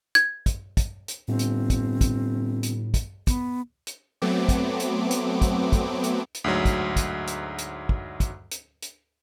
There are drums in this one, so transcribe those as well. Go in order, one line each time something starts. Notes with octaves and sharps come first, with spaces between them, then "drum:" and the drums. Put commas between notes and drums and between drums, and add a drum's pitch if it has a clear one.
G#6, drum: hi-hat
drum: kick, hi-hat
drum: kick, hi-hat
drum: hi-hat
G1 A2 C4
drum: hi-hat
drum: kick, hi-hat
drum: kick, hi-hat
drum: hi-hat
drum: kick, hi-hat
B3, drum: kick, hi-hat
drum: hi-hat
F#3 A3 B3 C4 D6
drum: kick, hi-hat
drum: hi-hat
drum: hi-hat
drum: kick, hi-hat
drum: kick, hi-hat
drum: hi-hat
drum: hi-hat
D2 G#2 F#3
drum: kick, hi-hat
drum: kick, hi-hat
drum: hi-hat
drum: hi-hat
drum: kick
drum: kick, hi-hat
drum: hi-hat
drum: hi-hat